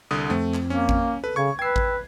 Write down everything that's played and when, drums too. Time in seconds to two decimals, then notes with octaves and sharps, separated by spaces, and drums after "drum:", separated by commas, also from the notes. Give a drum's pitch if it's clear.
0.11 C2 D3 D#6
0.30 F2 A3 C4
0.54 drum: clap
0.70 A#3 C#4
0.89 drum: kick A1
1.24 A4 B4
1.36 C#3 C#6 G#6
1.59 B4 G5 E6 G#6 C7
1.76 drum: kick A1